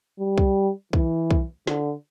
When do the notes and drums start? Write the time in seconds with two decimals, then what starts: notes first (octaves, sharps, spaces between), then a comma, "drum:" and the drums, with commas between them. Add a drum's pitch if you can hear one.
0.19 G3
0.38 drum: kick
0.93 E3, drum: kick
1.31 drum: kick
1.67 D3, drum: snare